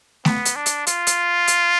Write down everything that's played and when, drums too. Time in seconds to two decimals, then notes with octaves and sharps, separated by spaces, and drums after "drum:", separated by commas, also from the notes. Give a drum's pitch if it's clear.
0.25 B3, drum: snare A3
0.45 drum: hi-hat
0.56 D4
0.66 drum: hi-hat
0.87 F4, drum: hi-hat
1.07 drum: hi-hat
1.48 drum: hi-hat